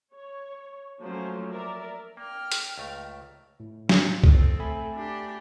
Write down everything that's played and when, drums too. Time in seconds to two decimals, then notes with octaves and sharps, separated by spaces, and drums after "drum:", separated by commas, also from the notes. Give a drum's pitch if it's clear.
0.13 C#5
1.00 F3 F#3 A3 A#3 C#4 C5
1.49 A#4 D5 E5
2.17 A#3 G5 F6
2.52 drum: hi-hat
2.78 C#2 A3 A#5
3.60 A2
3.89 F3, drum: snare
4.24 C4 A4 D#6 F6, drum: kick
4.60 A3 G#5 B5
4.95 D4 G4